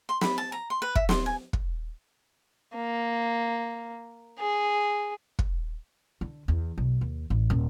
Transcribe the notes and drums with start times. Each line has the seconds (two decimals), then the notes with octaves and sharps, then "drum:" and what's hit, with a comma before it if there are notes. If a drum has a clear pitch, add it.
0.09 C6
0.21 B5, drum: snare
0.38 A5
0.52 A#5
0.70 C6
0.82 B4
0.95 E5, drum: kick
1.09 C6, drum: snare
1.26 G#5
1.53 drum: kick
2.75 A#3
4.39 G#4
5.39 drum: kick
6.21 D3
6.48 E2
6.78 B1
7.01 D#2
7.30 A1
7.50 D#1